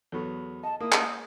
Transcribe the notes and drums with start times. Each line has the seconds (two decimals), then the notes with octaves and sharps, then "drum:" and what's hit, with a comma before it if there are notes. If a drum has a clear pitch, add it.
0.12 E2 F#3 B3 A4 C#6
0.64 D#5 A5
0.80 A#3 E4 A#4 D#6
0.92 drum: clap